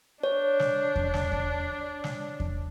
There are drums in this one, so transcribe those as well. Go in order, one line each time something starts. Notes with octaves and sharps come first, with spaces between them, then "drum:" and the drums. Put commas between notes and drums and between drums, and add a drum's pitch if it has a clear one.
D4 C#5
drum: snare
drum: kick E2
drum: snare
drum: kick E2
drum: snare
drum: kick E2